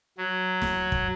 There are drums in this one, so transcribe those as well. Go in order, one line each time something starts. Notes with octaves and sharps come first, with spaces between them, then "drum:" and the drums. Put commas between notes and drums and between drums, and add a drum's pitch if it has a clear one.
F#3
drum: snare
drum: kick